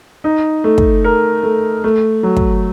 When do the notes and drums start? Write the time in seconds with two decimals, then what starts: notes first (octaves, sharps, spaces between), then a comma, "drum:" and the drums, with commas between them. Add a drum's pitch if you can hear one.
0.24 D#4
0.64 A3
0.78 drum: kick
1.04 A#4
1.43 A3
1.84 A3
2.23 F#3
2.36 drum: kick